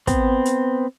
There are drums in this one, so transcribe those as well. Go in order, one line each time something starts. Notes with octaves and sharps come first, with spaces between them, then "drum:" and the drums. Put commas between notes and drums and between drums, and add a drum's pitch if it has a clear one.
B3 C4, drum: kick, hi-hat
drum: hi-hat